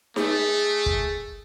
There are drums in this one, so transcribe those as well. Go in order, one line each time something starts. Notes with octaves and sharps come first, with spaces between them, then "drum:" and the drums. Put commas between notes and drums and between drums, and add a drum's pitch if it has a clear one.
A3 G#4, drum: snare D#4
drum: kick